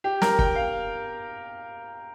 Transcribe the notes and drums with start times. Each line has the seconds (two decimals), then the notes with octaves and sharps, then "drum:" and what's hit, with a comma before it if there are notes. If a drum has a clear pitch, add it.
0.04 G4
0.22 A#4, drum: snare
0.39 G5, drum: kick
0.55 F5